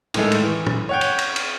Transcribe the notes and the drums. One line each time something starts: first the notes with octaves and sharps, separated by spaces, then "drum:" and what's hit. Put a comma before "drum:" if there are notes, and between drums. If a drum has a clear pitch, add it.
A2 D#3 G#3 A3, drum: cymbal
drum: cymbal
E3
drum: tom
C#5 F#5 G5
drum: cymbal
drum: cymbal
drum: cymbal